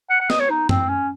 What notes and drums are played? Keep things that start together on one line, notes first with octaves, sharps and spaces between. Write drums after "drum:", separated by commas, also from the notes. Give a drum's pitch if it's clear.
F#5
F#5
D#5, drum: snare B3
C#5
D#4
C4, drum: tom F#2
C#4